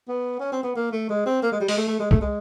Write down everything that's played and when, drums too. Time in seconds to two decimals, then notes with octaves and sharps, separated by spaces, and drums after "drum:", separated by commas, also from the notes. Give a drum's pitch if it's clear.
0.08 B3
0.40 C#4
0.52 C4
0.63 B3
0.76 A#3
0.92 A3
1.09 G#3
1.26 C4
1.42 A#3
1.52 G#3
1.60 G3
1.68 G#3, drum: open hi-hat
1.77 A3
1.88 A3
2.00 G#3
2.11 A3, drum: kick C2
2.21 G#3